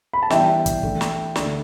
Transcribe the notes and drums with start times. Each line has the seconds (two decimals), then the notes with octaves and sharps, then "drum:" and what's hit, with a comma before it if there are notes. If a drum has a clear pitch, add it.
0.13 B5
0.22 A5
0.30 E3 G3 B3 D4 E5 G5, drum: snare
0.66 drum: kick, hi-hat
0.83 E3 A3 D4, drum: kick
1.01 drum: snare
1.36 D3 A3 D4, drum: snare